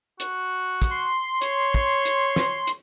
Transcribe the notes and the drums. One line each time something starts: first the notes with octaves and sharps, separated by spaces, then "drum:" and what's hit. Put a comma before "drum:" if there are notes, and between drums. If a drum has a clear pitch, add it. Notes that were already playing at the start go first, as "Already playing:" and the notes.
F#4, drum: hi-hat
drum: kick, hi-hat
C6
C#5, drum: hi-hat
drum: kick
drum: hi-hat
drum: snare
drum: hi-hat